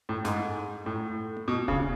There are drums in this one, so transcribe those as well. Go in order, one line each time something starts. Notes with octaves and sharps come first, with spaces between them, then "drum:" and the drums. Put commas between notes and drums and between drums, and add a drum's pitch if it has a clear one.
A2
G#2, drum: snare
A2
drum: tom A3
B2
C#3, drum: kick D#1